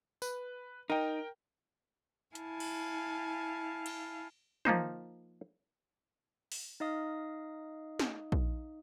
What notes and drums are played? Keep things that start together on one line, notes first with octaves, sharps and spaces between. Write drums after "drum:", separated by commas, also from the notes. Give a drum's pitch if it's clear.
B4, drum: tambourine
D#4 A#4 G5
E4 F5 G#5 A5, drum: hi-hat
drum: cymbal
drum: cymbal
F3 A#3 D#4 C5, drum: tom
drum: open hi-hat
D#4 D#5 F5 D#6
drum: snare
drum: kick A#1